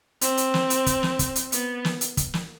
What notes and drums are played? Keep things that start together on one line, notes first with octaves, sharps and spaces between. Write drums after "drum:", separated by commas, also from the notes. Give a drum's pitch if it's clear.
C4, drum: hi-hat
drum: hi-hat
drum: snare
drum: hi-hat
drum: kick, hi-hat
drum: snare
drum: kick, hi-hat
drum: hi-hat
B3, drum: hi-hat
drum: snare
drum: hi-hat
drum: kick, hi-hat
drum: snare